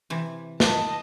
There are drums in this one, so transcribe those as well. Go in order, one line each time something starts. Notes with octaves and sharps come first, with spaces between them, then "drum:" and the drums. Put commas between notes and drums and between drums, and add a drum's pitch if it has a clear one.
C3 E3
D#5 A5, drum: snare